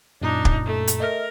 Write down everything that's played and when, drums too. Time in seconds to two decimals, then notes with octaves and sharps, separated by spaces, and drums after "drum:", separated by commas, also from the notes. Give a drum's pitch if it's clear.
0.22 F#2 A#2 D4 D#4 A#5
0.45 drum: kick
0.65 A3
0.87 drum: hi-hat
1.00 A#4 D#5 E5 F6